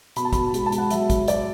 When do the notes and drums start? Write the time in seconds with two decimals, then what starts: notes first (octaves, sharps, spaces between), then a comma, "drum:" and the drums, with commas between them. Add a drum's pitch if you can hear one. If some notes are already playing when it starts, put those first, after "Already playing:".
0.16 B2 B5, drum: hi-hat
0.25 A5
0.33 B2 B5, drum: kick, hi-hat
0.54 G#3, drum: hi-hat
0.66 A5
0.72 G#3, drum: hi-hat
0.78 F#5
0.90 F#3 E5, drum: hi-hat
1.10 F#3, drum: kick, hi-hat
1.28 F#3 D5, drum: hi-hat